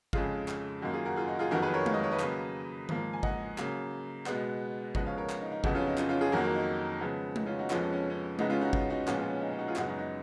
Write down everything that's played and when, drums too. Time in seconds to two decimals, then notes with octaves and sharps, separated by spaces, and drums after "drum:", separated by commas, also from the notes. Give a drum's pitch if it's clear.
0.13 F2 C#3 G#3 F4 G#4, drum: kick G1
0.48 drum: clap
0.82 F#2 D#3 A#3 D#4 F#4
0.94 F4 G#4
1.05 F#4 A#4
1.16 F4 G#4
1.28 D#4 F#4
1.39 F4 G#4
1.51 F2 D#3 F#3 B3 F#4 A#4
1.62 G#4 B4
1.73 A#4 C#5
1.86 F5, drum: tom G#3
1.94 D#5
2.04 C#5
2.12 B4 D#5
2.19 C#3 F#3 A#3, drum: clap
2.89 G#2 F3 A#3, drum: tom D#3
3.13 G#5
3.23 D#5 F#5, drum: kick G1
3.58 C#3 F#3 A#3, drum: clap
4.26 B2 G#3 B3, drum: clap
4.95 C#3 F3 G#3 B3 D#5 F#5, drum: kick G1
5.06 C#5 F5
5.18 A#4 C#5
5.29 drum: clap
5.41 D#4
5.52 D#4
5.64 F2 C#3 F#3 B3 D#4 F#4, drum: kick G1
5.75 C#4 F4
5.87 D#4
5.98 C#4 F4, drum: clap
6.09 C#4 F4
6.21 F4 G#4
6.32 F2 D#3 F#3 A#3 F#4 A#4
6.44 F#4 A#4
6.55 D#4
7.01 C#3 F3 G#3 B3
7.36 D#4, drum: tom G#3
7.46 C#4 F4
7.59 D#4 F#4
7.70 F2 F3 G#3 B3 C#4 F4, drum: clap
7.82 C#4
7.92 C#4
8.10 C#4
8.39 C#3 G#3 B3 D#4, drum: tom G#3
8.50 C#4 F4
8.61 D#4 F#4
8.73 D#4 F#4, drum: kick G1
8.90 D#4 F#4
9.07 A#2 F3 G#3 B3 C#4 F4, drum: clap
9.19 C#4 F4
9.30 C#4
9.42 D#4
9.51 C#4
9.59 D#4 F#4
9.68 F4 G#4
9.76 F#2 C#3 G#3 B3 D#4 F#4, drum: clap
9.87 D#4 F#4
9.99 D#4